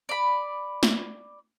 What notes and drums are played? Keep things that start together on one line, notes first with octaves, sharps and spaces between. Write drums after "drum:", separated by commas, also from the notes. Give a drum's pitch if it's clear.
D5 B5
drum: snare